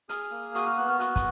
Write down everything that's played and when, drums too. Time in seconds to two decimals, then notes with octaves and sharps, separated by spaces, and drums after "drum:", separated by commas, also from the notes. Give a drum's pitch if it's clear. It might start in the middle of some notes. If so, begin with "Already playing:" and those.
0.09 G#4 F6, drum: hi-hat
0.31 A#3
0.55 F#4 D#6, drum: hi-hat
0.66 F6
0.78 B3 F#6
0.89 F6
1.00 F#4 F#6, drum: hi-hat
1.16 drum: kick, hi-hat